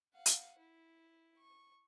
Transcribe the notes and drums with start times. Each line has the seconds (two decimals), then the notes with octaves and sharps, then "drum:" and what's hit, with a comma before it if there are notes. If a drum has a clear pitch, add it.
0.14 F5 F#5
0.26 drum: hi-hat
0.59 E4
1.38 C#6